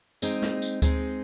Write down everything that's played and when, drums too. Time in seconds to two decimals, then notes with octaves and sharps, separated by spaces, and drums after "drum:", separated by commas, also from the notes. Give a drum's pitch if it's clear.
0.22 G#3 C4 D#4, drum: tambourine
0.42 drum: snare
0.62 drum: tambourine
0.82 G#3 C4 D#4, drum: kick D2, tambourine